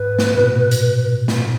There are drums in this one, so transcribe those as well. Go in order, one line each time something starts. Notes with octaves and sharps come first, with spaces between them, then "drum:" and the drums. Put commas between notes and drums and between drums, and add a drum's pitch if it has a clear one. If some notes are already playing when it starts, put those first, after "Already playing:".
Already playing: G#2 B4
drum: snare
A#2
B2
drum: hi-hat
drum: snare